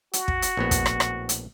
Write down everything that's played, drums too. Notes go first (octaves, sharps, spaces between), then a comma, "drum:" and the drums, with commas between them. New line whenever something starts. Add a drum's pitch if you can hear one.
F#4, drum: hi-hat
drum: kick
drum: hi-hat
A#1 A2 B3
drum: kick, hi-hat
drum: rim click
drum: rim click
drum: hi-hat